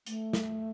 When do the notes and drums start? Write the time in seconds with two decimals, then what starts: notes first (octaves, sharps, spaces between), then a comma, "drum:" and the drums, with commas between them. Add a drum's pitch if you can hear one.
0.06 A3, drum: hi-hat
0.33 drum: snare